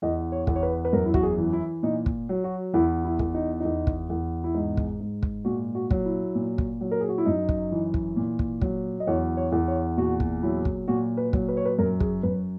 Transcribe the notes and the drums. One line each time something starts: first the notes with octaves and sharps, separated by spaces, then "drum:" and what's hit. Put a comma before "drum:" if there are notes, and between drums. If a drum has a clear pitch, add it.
E2 D#5
C#5
E2, drum: kick
C#5
B4
B4
F#2 A#4
E4
F#4, drum: kick
G#4
E3
E4
A#2 D#4
drum: kick
F#3
F#4
E2 E4
E4
E2, drum: kick
D#4
E2 D#4
drum: kick
E2
E4
G#2 D#4
drum: kick
G#2
drum: kick
A#2 F#4
F#4
F#3, drum: kick
E4
A#2
drum: kick
F#3
A#4
G#4
F#4
E4
F#2 D#4
drum: kick
E3
drum: kick
A#2
drum: kick
F#3, drum: kick
D#5
E2 C#5
C#5
E2
C#5
A#2 F#4
drum: kick
F#3 E4
drum: kick
A#2 F#4
B4
F#3, drum: kick
B4
C#5
B4
F#2 A#4
G#4, drum: kick
F#2 B4